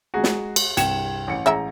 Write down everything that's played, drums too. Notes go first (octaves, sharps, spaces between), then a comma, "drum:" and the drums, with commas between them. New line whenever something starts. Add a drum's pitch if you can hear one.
G#3 F#4 G#4 A#5
drum: snare
drum: cymbal
C2 G2 G5 G#6 C#7 E7, drum: hi-hat
A1 C#7
A1 G#3 G#4 E5 G5 A#5